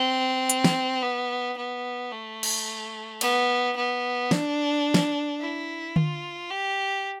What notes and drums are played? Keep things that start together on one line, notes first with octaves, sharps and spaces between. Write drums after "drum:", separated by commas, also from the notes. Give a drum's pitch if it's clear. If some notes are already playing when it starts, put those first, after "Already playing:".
Already playing: C4
drum: hi-hat
drum: snare
B3
B3
A3
drum: cymbal
B3, drum: cymbal
B3
D4, drum: snare
drum: snare
E4
F4, drum: tom D3
G4